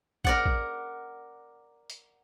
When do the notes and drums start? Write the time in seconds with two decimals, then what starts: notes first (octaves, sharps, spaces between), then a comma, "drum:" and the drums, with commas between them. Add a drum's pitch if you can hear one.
0.24 A#4 D5 F#5, drum: kick
0.46 drum: kick
1.90 drum: hi-hat